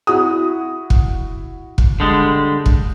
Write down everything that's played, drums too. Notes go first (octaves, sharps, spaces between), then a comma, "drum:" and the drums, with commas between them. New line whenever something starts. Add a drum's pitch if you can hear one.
E4 F#4 D#6
drum: kick
drum: kick
D3 G3 G#3
drum: kick